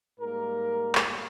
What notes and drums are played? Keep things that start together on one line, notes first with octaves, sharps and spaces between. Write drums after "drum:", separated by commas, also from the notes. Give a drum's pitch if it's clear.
G#2 G3 A#3 A#4
drum: clap